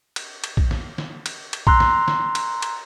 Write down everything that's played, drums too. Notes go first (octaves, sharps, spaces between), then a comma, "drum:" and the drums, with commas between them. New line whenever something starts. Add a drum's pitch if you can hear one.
drum: cymbal
drum: cymbal
drum: kick A#1
drum: snare
drum: snare
drum: cymbal
drum: cymbal
A#5 C6 E6 F#6, drum: kick A#1
drum: snare
drum: snare
drum: cymbal
drum: cymbal